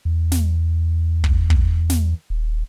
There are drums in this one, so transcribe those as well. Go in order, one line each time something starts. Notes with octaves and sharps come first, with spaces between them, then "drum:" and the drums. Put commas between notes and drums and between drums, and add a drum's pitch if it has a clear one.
E2
drum: snare
drum: kick
drum: kick
drum: snare
D#1